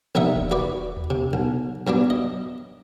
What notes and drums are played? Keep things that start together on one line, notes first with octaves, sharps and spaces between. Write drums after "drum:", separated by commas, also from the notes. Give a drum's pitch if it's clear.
A#1 C3 G3 D#4 E5 F#5
drum: kick E1
F#4 B4 D5
drum: tom D#2
C3
B1
G2 F#3 B3 D4
D#5